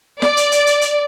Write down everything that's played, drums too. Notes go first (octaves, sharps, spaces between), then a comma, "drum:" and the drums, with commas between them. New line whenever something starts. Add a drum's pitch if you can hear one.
D5, drum: snare
drum: hi-hat
drum: hi-hat
drum: hi-hat
drum: hi-hat